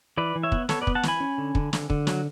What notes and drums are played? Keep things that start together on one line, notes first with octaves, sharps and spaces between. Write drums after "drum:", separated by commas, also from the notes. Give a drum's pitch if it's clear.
E3 B4 D5
E3
C#5 E5
B3, drum: kick
B3 A4 C#5, drum: snare
B4 D5
B3, drum: kick
F#5 A5
E3 G#5 B5, drum: snare
C#4
D3
D3, drum: kick
D3, drum: snare
D3, drum: kick
F#3, drum: snare